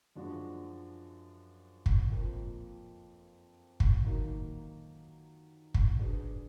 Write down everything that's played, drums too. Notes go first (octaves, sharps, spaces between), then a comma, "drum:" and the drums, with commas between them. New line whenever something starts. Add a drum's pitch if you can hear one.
F#2 F3 G#3 D4 F#4
drum: kick
F2 F3 A#3
drum: kick
D#3 F#3 A#3 D#4
drum: kick
F#3 D4 G#4 B4